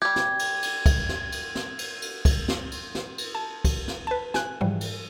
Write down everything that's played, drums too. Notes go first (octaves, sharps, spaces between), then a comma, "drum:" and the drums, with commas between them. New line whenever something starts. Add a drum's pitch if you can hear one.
G3 G4 G#6
drum: snare
drum: cymbal
drum: cymbal
drum: kick, cymbal
drum: snare
drum: cymbal
drum: snare
drum: cymbal
drum: cymbal
drum: kick, cymbal
drum: snare
drum: cymbal
drum: snare
drum: cymbal
A5
drum: kick, cymbal
drum: snare
B4 A5
G#5 F#6, drum: snare
G#2 E3 F3 G3
drum: cymbal